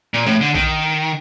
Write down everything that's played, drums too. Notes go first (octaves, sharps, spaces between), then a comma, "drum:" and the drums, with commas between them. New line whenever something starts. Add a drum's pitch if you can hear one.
A#2
A2, drum: snare
D3
D#3, drum: kick A#1